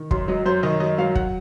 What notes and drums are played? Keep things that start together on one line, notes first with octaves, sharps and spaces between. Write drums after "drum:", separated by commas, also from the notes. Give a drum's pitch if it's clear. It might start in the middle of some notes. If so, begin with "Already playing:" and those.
Already playing: D#3
F#2 C6, drum: kick
F#3 D#5
F#2 C5
D#3 D#5
F#2 D#5
F#3 F5
F#5, drum: kick